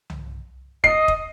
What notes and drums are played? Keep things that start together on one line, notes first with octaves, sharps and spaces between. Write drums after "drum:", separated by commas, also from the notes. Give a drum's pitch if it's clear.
drum: tom C2
D#5 C7, drum: kick F1
drum: kick F1